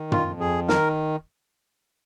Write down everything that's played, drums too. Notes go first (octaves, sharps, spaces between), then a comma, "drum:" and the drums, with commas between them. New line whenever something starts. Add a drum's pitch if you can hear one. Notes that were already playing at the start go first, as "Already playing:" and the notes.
Already playing: D#3
F4, drum: tom
F2
G#4
D#3 A#4, drum: snare